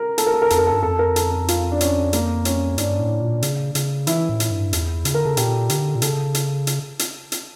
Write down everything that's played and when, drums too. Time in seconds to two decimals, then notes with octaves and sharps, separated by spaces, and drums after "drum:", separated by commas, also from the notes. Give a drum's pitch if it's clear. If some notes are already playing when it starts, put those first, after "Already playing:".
Already playing: A#4
0.18 A4, drum: hi-hat
0.26 A#4
0.34 A4
0.42 A#4
0.50 F2 A4, drum: hi-hat
0.58 A#4
0.67 A4
0.72 G2
0.83 F2 A4
0.99 A#4
1.16 A4, drum: hi-hat
1.32 A4
1.48 F4, drum: hi-hat
1.72 D4
1.81 C#4, drum: hi-hat
2.13 A#3, drum: hi-hat
2.45 C#4, drum: hi-hat
2.78 G2 D4, drum: hi-hat
2.99 A2
3.21 A#2
3.42 C#3, drum: hi-hat
3.75 C#3, drum: hi-hat
4.07 E3 E4, drum: hi-hat
4.29 A2
4.40 drum: hi-hat
4.51 G2
4.73 E2, drum: hi-hat
5.05 C#3, drum: hi-hat
5.14 D3 A#4
5.25 C#3 A4
5.37 A#2 G4, drum: hi-hat
5.70 D3 G4, drum: hi-hat
5.95 A#2
6.02 C#3 A4, drum: hi-hat
6.35 drum: hi-hat
6.67 drum: hi-hat
6.99 drum: hi-hat
7.32 drum: hi-hat